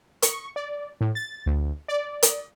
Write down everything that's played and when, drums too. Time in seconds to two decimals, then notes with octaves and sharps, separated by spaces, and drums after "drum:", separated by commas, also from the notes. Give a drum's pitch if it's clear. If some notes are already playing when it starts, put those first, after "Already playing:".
0.22 C#6, drum: hi-hat
0.56 D5
1.01 A2
1.15 A6
1.46 D2
1.88 D5
2.23 drum: hi-hat